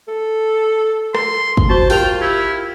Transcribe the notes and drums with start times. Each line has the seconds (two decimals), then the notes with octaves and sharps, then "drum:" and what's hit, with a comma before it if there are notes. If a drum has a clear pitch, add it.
0.08 A4
1.15 C6, drum: rim click
1.57 drum: kick
1.70 F#4 C5 A5 C#6 G7
1.90 F4 G4 A#4 G5 F7, drum: open hi-hat
2.21 E4 G#6